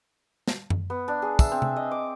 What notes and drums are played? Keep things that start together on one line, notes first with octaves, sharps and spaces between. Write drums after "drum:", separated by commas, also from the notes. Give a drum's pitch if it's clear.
drum: snare
drum: tom F#2
B3
D4
G#4
E5, drum: kick, tambourine
C4
drum: tom C3
D#5
D6